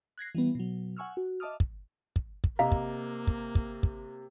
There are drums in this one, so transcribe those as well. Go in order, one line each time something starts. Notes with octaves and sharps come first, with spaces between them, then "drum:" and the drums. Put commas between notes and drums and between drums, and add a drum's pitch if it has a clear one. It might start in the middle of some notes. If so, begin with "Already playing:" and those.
F#6 G#6 A#6 C7
E3 G3 B3
B2 F#3
F#5 G#5 C#6 E6 F6
F#4
D#5 E5 A5 D6 D#6 F6
drum: kick
drum: kick
drum: kick
C3 A#3 D#5 F5 A#5
drum: kick
drum: kick
drum: kick
drum: kick